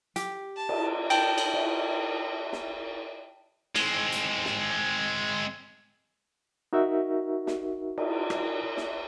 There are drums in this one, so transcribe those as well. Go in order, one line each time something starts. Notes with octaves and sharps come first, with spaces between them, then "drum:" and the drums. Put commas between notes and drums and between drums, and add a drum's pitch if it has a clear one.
G4, drum: hi-hat
A5
drum: cymbal
G5 A5, drum: cymbal
drum: cymbal
drum: cymbal
drum: snare
G#3 C4, drum: cymbal
drum: hi-hat
drum: snare
D#4 F#4 A#4 E5
drum: snare
drum: cymbal
drum: rim click
drum: snare